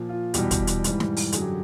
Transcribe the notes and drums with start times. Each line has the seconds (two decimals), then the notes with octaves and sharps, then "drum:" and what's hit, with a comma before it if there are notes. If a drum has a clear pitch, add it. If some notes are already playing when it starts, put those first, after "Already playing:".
Already playing: A#2 F3
0.09 F4
0.34 E2 B2 G3 G4, drum: hi-hat
0.51 drum: kick, hi-hat
0.67 drum: hi-hat
0.84 G#2 E3 G3, drum: hi-hat
1.00 drum: snare
1.17 drum: open hi-hat
1.32 F#2 D3 F#3 G#4, drum: hi-hat
1.42 G4